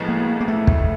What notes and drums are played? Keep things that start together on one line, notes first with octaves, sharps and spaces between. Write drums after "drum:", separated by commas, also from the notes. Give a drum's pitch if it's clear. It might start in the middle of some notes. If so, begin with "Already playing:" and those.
Already playing: B1 A2 F3 G#3 B3
A#3
A#3
A3
drum: kick